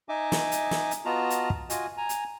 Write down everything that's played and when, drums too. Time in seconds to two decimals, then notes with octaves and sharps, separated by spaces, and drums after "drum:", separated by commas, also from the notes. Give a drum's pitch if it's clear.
0.09 D#4 D#5 E5 G#5 D6
0.32 drum: snare
0.52 drum: hi-hat
0.71 drum: snare
0.91 drum: hi-hat
1.05 B3 F4 F#4 D#5 A5 A#5
1.30 drum: hi-hat
1.50 drum: kick
1.70 F4 F#4 D#5 G#5, drum: hi-hat
1.97 G#5 A#5
2.09 drum: hi-hat